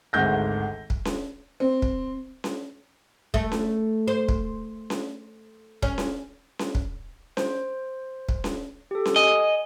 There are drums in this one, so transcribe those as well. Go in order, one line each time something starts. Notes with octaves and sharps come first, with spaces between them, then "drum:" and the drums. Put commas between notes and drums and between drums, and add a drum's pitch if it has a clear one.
G#1 D2 G#2 D#3 G6 A#6
drum: kick
drum: snare C#4
C4
drum: kick
drum: snare C#4
A3, drum: kick
drum: snare C#4
C5
drum: kick
drum: snare C#4
C#4, drum: kick
drum: snare C#4
drum: snare C#4
drum: kick
C5, drum: snare C#4
drum: kick
drum: snare C#4
G4 A4
drum: snare C#4
D#5 G#5